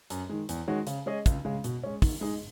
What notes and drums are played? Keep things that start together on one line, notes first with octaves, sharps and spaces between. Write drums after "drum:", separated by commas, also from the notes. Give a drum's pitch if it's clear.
F#2, drum: hi-hat
D#3 G#3
E2, drum: hi-hat
D#3 G#3 C#4 F#4
C#3, drum: hi-hat
G#3 C#4 G#4 D#5
C#2, drum: kick, hi-hat
C#3 G#3
B2, drum: hi-hat
G#3 C#4
D#3, drum: kick, open hi-hat
G#3 D#4 G#4 D#5